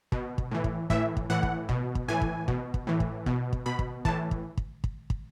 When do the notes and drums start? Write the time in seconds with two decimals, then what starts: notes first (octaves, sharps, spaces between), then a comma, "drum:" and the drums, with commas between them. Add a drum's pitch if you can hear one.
0.12 B2, drum: kick
0.38 drum: kick
0.51 A2 E3
0.64 drum: kick
0.90 A2 E3 E5, drum: kick
1.17 drum: kick
1.30 A2 E3 F#5
1.43 drum: kick
1.69 B2, drum: kick
1.95 drum: kick
2.08 A2 E3 G#5
2.21 drum: kick
2.48 B2, drum: kick
2.74 drum: kick
2.87 A2 E3
3.00 drum: kick
3.26 B2, drum: kick
3.53 drum: kick
3.66 B2 B5
3.79 drum: kick
4.05 A2 E3 A5, drum: kick
4.31 drum: kick
4.57 drum: kick
4.84 drum: kick
5.10 drum: kick